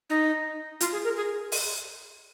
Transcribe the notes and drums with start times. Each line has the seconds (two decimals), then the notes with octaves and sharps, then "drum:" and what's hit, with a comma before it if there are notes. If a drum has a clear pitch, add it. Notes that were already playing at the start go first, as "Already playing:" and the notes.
0.10 D#4
0.81 F4, drum: hi-hat
0.92 G#4
1.04 A#4
1.16 G#4
1.52 drum: open hi-hat